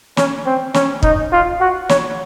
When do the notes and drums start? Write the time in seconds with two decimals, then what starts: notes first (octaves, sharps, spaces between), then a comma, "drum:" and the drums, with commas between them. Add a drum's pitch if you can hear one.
0.17 C#4, drum: snare
0.46 C4
0.74 C#4, drum: snare
1.03 D#4, drum: kick
1.32 F4
1.61 F#4
1.89 C#5, drum: snare